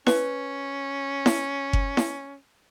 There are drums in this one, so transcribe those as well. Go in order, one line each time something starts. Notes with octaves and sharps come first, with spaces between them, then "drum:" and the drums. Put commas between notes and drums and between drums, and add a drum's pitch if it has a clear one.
C#4 B4, drum: snare E4
drum: snare E4
drum: kick F#1
drum: snare E4